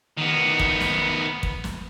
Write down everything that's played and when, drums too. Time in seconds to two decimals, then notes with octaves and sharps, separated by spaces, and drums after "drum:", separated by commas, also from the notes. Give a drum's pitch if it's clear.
0.18 D#3 B3
0.59 drum: kick
0.80 drum: snare
1.43 drum: kick
1.64 drum: snare